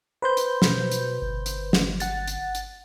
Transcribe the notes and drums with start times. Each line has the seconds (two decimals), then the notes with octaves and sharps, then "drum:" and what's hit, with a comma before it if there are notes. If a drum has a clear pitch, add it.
0.22 B4 C5 G6
0.37 drum: hi-hat
0.62 B2, drum: snare
0.91 drum: hi-hat
1.22 G1
1.46 drum: hi-hat
1.73 drum: snare
2.00 F#5 A6, drum: hi-hat
2.28 drum: hi-hat
2.55 drum: hi-hat